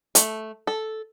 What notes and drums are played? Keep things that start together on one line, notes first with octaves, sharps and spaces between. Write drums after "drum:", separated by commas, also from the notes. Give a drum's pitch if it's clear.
A3, drum: hi-hat
A4